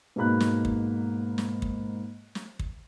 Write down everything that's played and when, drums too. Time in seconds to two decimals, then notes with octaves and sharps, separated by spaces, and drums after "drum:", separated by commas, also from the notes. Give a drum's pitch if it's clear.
0.16 G#2 B2 G#3 A#3 B5 F#6
0.40 drum: snare
0.65 drum: kick
1.38 drum: snare
1.62 drum: kick
2.35 drum: snare
2.60 drum: kick